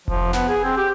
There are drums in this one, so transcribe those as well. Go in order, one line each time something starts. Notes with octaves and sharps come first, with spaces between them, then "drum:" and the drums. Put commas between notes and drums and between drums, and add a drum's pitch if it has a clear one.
F3, drum: kick F1
B3, drum: snare
G#4
C4
G4